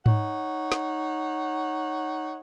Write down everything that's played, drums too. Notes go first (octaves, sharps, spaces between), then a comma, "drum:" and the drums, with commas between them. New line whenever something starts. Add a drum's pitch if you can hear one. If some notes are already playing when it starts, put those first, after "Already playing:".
D#4 C#5 F#5, drum: tom G#2
drum: snare